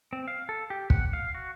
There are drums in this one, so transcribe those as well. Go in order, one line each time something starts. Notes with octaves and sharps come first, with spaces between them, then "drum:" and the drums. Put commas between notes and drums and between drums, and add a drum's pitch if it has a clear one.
C4
F5
A4
G4
F#5, drum: kick
F5
F#4